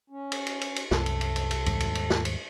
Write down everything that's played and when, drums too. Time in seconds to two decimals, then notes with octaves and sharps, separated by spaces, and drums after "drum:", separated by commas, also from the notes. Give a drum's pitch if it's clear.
0.10 C#4
0.32 drum: cymbal
0.47 drum: cymbal
0.61 drum: cymbal
0.76 drum: cymbal
0.91 C2 F#2 A4, drum: snare
1.06 drum: cymbal
1.21 drum: cymbal
1.36 drum: cymbal
1.51 drum: cymbal
1.66 D#2 G#2 G3, drum: cymbal
1.80 drum: cymbal
1.95 drum: cymbal
2.10 drum: snare
2.25 drum: cymbal